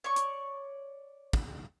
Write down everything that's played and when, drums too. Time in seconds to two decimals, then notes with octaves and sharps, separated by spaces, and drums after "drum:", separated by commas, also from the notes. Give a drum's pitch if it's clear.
0.04 C#5 D5 C#6
0.16 drum: hi-hat
1.33 drum: kick